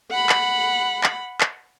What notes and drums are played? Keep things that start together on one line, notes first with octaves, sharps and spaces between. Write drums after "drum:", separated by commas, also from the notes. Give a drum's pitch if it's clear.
F#5 B5
drum: clap
drum: clap
drum: clap